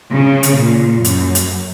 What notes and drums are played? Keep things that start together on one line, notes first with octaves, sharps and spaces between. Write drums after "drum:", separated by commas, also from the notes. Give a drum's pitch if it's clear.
C#3
drum: hi-hat
A#2
F#2, drum: hi-hat
drum: hi-hat